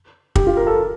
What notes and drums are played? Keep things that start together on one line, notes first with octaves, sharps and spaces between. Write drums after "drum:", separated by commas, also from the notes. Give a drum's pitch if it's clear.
G4, drum: kick
F4
A#4
A4